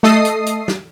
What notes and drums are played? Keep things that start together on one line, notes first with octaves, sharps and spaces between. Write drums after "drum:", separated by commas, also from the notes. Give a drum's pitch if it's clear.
A3 A4 D#5 D#6 C7, drum: snare
drum: hi-hat
drum: hi-hat
drum: snare